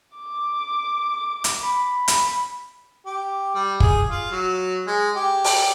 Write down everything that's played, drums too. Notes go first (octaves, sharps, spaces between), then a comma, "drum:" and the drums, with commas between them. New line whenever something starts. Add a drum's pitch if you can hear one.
D6
drum: hi-hat
B5
drum: hi-hat
G4
G3
G#4, drum: kick
F4
F#3
G#3
G4
drum: open hi-hat